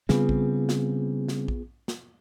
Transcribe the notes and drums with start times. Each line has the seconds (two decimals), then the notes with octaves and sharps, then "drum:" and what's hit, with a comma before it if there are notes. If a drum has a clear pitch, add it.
0.09 C#3 G3 B3 C4 F4 G#4, drum: snare
0.29 drum: kick A#1
0.69 drum: snare
1.28 drum: snare
1.48 drum: kick A#1
1.88 drum: snare